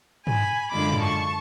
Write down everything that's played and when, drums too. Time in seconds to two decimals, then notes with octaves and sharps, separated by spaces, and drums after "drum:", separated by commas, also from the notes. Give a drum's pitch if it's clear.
0.27 G#5 B5, drum: tom
0.72 F#2 D3 G#3 D4 F4 B5 D6
0.91 drum: tom
1.03 A5 C#6